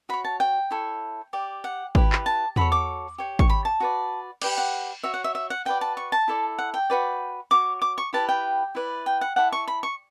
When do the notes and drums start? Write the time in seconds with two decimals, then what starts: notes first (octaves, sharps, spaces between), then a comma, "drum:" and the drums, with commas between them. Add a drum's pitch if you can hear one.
0.09 F#4 C#5 B5
0.25 A5
0.40 G5
0.71 E4 A4 C#5
1.33 G4 D5
1.64 F#5
1.95 E4 G4 B4, drum: kick G#1
2.12 drum: clap
2.26 A5
2.56 F#4 A4 C#5 B5, drum: tom E2
2.72 D6
3.18 G4 C#5
3.39 C#6, drum: kick G#1
3.50 B5
3.65 A5
3.80 F#4 B4 D5
4.42 G4 B4 D5 G5, drum: cymbal
4.58 F#5
5.03 F#4 C#5 E5
5.14 F#5
5.24 E5
5.35 E5
5.50 F#5
5.65 F#4 B4 D5 G5
5.81 A5
5.97 C#6
6.12 A5
6.28 E4 A4 D5
6.58 F#5
6.74 G5
6.90 F#4 B4 D5
7.51 F#4 C#5 D6
7.82 D6
7.98 C#6
8.13 E4 G4 B4 A5
8.29 G5
8.75 E4 B4 D5
9.06 G5
9.21 F#5
9.36 E4 A4 D5 F#5
9.52 C#6
9.68 B5
9.83 C#6